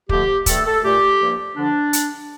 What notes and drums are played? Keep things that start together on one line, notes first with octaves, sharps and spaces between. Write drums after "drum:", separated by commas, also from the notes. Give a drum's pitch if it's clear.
F2 D3 F3 A3 G4, drum: kick
G2 D#3 A3 A4, drum: kick, hi-hat
A4
A#2 A3 G4
G2 F3 A#3
D3 F3 D4
drum: hi-hat